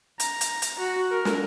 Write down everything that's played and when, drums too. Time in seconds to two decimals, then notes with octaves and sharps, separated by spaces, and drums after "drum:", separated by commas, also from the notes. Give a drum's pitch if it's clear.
0.20 A#5, drum: hi-hat
0.41 drum: hi-hat
0.62 drum: hi-hat
0.79 F#4
1.11 A#4
1.25 drum: snare